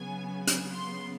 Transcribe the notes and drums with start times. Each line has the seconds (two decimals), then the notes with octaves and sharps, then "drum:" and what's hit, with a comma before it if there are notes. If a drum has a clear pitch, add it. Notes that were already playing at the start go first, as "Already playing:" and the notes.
Already playing: C#3 F#3 B3 G#5
0.47 drum: hi-hat
0.73 C6